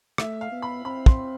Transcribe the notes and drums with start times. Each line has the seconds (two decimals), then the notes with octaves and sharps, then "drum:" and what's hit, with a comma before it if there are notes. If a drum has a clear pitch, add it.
0.18 A3 E5, drum: rim click
0.41 F5
0.52 B3
0.62 B5
0.85 C4 B5
1.06 C6, drum: kick